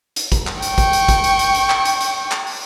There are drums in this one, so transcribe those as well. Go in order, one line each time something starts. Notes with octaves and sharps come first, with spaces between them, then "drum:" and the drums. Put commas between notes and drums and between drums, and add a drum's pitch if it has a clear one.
drum: hi-hat
drum: kick, hi-hat
drum: clap
G5 C#6, drum: hi-hat
drum: kick, hi-hat
drum: hi-hat
drum: kick, hi-hat
drum: hi-hat
drum: hi-hat
drum: hi-hat
drum: clap
drum: hi-hat
drum: hi-hat
drum: clap
drum: open hi-hat